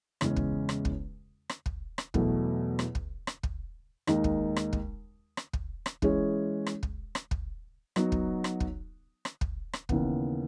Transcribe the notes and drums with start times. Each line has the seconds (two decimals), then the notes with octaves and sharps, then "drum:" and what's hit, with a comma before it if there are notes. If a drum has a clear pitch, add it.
0.21 E2 C#3 G#3 C#4, drum: rim click
0.36 drum: kick
0.69 drum: rim click
0.85 drum: kick
1.50 drum: rim click
1.66 drum: kick
1.98 drum: rim click
2.14 E2 B2 F#3 A3, drum: kick
2.79 drum: rim click
2.95 drum: kick
3.27 drum: rim click
3.43 drum: kick
4.07 D#2 D#3 G#3 D#4, drum: rim click
4.24 drum: kick
4.56 drum: rim click
4.73 drum: kick
5.37 drum: rim click
5.53 drum: kick
5.86 drum: rim click
6.02 E3 G#3 C#4 G#4 C#5, drum: kick
6.66 drum: rim click
6.83 drum: kick
7.15 drum: rim click
7.31 drum: kick
7.96 F#3 B3 D#4 F#4, drum: rim click
8.12 drum: kick
8.44 drum: rim click
8.60 drum: kick
9.25 drum: rim click
9.41 drum: kick
9.73 drum: rim click
9.89 D#2 C#3 E3 B3, drum: kick